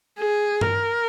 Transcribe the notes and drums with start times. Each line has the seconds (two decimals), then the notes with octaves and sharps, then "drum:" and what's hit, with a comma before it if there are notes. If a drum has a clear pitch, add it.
0.19 G#4
0.61 A#4, drum: tom G2